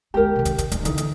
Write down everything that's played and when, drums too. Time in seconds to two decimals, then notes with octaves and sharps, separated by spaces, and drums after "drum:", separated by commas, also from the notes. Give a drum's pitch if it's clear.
0.14 D2 G#3 G4 A#4
0.36 C3 D#3
0.45 drum: kick, hi-hat
0.58 drum: kick, hi-hat
0.71 D1, drum: hi-hat
0.85 D3 E3 D#4, drum: hi-hat
0.98 drum: hi-hat